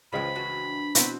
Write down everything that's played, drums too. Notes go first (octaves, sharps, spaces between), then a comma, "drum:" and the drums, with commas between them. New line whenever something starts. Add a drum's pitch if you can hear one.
C#2 E3 F3 G#3 F4 B5
E3 D4 F#4
B2 E3 C4 F#4 B5, drum: hi-hat